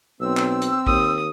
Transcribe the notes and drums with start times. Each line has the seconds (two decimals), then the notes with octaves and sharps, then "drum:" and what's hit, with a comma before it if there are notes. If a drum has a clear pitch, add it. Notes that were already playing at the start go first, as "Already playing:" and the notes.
0.21 B1 C4 E6
0.37 drum: clap
0.62 drum: hi-hat
0.87 D#2 D#6, drum: kick